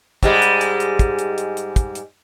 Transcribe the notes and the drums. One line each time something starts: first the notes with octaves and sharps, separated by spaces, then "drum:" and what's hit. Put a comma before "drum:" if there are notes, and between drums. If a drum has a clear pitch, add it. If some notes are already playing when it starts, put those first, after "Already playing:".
G#2 G3 G#3, drum: kick, hi-hat
drum: hi-hat
drum: hi-hat
drum: hi-hat
drum: kick, hi-hat
drum: hi-hat
drum: hi-hat
drum: hi-hat
drum: kick, hi-hat
drum: hi-hat